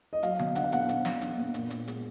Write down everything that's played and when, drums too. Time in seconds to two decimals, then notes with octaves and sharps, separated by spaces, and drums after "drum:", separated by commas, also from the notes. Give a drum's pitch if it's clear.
0.13 D#5
0.23 F#3 F5, drum: hi-hat
0.39 B2, drum: tom D3
0.55 D4 F#5, drum: hi-hat
0.64 F5
0.72 B2 F#5, drum: hi-hat
0.89 B2, drum: hi-hat
1.05 D4, drum: snare
1.21 D4, drum: hi-hat
1.38 B2
1.54 A#2, drum: hi-hat
1.70 A#2, drum: hi-hat
1.88 G#3, drum: hi-hat